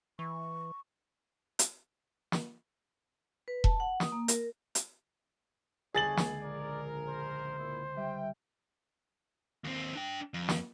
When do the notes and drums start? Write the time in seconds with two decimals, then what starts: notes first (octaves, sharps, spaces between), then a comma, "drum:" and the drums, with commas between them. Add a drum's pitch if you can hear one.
0.19 E3 C#6
1.59 drum: hi-hat
2.32 drum: snare
3.48 B4
3.64 A5, drum: kick E1
3.80 F#5
4.00 D#6, drum: snare
4.12 A#3
4.28 A#4, drum: hi-hat
4.75 drum: hi-hat
5.95 G1 C#2 D3 G#4 C#5 A6 F#7
6.17 drum: snare
6.42 A#1 A#4 D5
7.09 C5
7.59 A#2 E4
7.96 G3 E5 G5
9.64 D#2 C4
9.95 D4 G5
10.34 F2
10.49 drum: snare